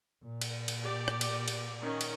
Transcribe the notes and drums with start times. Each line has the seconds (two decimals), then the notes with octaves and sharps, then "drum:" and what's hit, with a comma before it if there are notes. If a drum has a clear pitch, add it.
0.23 A#2
0.41 drum: cymbal
0.68 drum: cymbal
0.81 G4 D5
1.08 drum: rim click
1.21 drum: cymbal
1.48 drum: cymbal
1.80 D#3 C#4
2.01 drum: cymbal